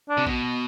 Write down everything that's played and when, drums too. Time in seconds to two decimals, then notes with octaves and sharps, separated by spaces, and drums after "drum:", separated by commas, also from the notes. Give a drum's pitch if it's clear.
0.09 D4
0.17 C3
0.27 B2, drum: kick